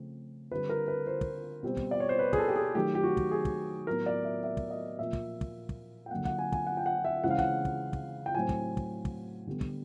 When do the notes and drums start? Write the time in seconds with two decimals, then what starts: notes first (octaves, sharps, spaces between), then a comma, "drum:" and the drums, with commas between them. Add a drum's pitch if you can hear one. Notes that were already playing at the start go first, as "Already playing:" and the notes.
Already playing: C#3 F3 A3 C4
0.52 D3 G3 C4 B4
0.69 A#4
0.88 B4
1.07 C5
1.21 drum: kick
1.63 B2 G3 C4
1.77 drum: kick
1.91 D5
2.00 C#5
2.09 C5
2.19 B4
2.33 G#4, drum: kick
2.38 A4
2.48 G4
2.56 G#4
2.75 D#3 F#3 A3 G4
2.95 G4
3.03 F#4
3.17 drum: kick
3.31 G#4
3.45 drum: kick
3.87 A2 F#3 B3 A#4
4.06 D5
4.25 E5
4.44 E5
4.57 drum: kick
4.70 D#5
4.99 A#2 F3 A#3 E5
5.13 drum: kick
5.41 drum: kick
5.69 drum: kick
6.06 G5
6.11 D3 F#3 A#3 F#5
6.25 F#5, drum: kick
6.39 G#5
6.52 G#5, drum: kick
6.67 F#5
6.77 G5
6.86 F#5
7.05 E5
7.24 C#3 E3 G#3 C4 F#5
7.30 F5
7.39 F#5, drum: kick
7.65 drum: kick
7.93 drum: kick
8.26 G5
8.35 A2 F#3 A3 C4 G#5
8.49 drum: kick
8.77 drum: kick
9.05 drum: kick
9.47 D3 G3 B3
9.61 drum: kick